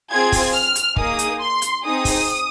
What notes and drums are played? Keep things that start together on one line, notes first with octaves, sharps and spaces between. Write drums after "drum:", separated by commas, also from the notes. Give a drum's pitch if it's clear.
C4 F4 G#4 G#6
drum: kick, open hi-hat
F6
drum: hi-hat
A#3 D#4 G#4 D#6, drum: kick
drum: hi-hat
C6
drum: hi-hat
C4 D#4 G#4 D#6
drum: kick, open hi-hat